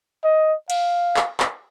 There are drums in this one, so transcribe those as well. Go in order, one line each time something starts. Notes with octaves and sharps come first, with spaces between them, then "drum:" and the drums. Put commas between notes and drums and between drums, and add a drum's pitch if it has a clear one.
D#5
F5, drum: cymbal
drum: clap
drum: clap